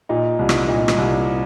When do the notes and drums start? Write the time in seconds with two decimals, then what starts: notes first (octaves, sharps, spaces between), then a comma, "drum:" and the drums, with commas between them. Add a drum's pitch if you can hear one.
0.09 A#2 D#4
0.39 C2
0.49 drum: rim click
0.68 A#2 D#4
0.88 drum: rim click
0.98 C2